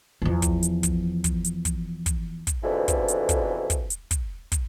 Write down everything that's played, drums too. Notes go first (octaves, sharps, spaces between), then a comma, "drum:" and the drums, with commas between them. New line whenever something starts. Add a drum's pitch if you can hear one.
E2 F3
drum: kick, hi-hat
drum: hi-hat
drum: kick, hi-hat
drum: kick, hi-hat
drum: hi-hat
drum: kick, hi-hat
drum: kick, hi-hat
drum: kick, hi-hat
F2 G#2 B2 D3 E3
drum: kick, hi-hat
drum: hi-hat
drum: kick, hi-hat
drum: kick, hi-hat
drum: hi-hat
drum: kick, hi-hat
drum: kick, hi-hat